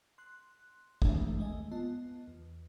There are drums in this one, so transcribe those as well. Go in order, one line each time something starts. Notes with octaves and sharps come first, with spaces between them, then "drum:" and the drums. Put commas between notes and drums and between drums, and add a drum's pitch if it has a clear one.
C6 F#6
G#2 E3 G#3 A3 D4 E5, drum: kick
D#2 G#3 A3 D#5 G#5
B3 F4 D#5 A5
E2